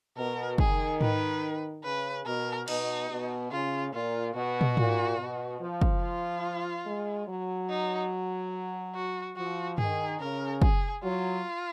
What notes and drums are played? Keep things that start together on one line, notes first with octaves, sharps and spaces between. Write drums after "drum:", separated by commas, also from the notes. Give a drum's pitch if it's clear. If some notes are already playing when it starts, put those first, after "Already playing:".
B2 A#4
D#3 G#4, drum: kick
B4, drum: tom G#2
C#3 B4
B2 A#4
B2 D#4, drum: cymbal
B2
C#3 F4
A#2 F4
B2 F#4
drum: tom
A#2, drum: tom G#2
B2
F3
drum: kick
F4
G#3
F#3
D#4
F#4
F3 F#4
D#3 G#4, drum: tom G2
C#3 A#4
G#4, drum: kick
F#3 F4